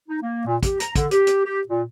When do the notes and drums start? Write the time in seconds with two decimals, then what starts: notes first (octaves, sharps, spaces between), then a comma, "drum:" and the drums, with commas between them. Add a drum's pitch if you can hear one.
0.09 D#4
0.21 A#3
0.46 A#2
0.63 G4, drum: kick, hi-hat
0.80 A#5, drum: hi-hat
0.96 D3, drum: kick, hi-hat
1.11 G4, drum: hi-hat
1.27 drum: hi-hat
1.44 G4
1.68 A#2